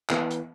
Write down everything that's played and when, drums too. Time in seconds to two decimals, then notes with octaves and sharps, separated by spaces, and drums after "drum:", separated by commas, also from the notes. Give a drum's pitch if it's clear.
0.10 E3 B3, drum: clap
0.31 drum: hi-hat